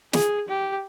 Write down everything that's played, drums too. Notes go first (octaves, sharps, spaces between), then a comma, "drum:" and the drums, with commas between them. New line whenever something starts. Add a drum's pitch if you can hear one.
G#4, drum: snare
G4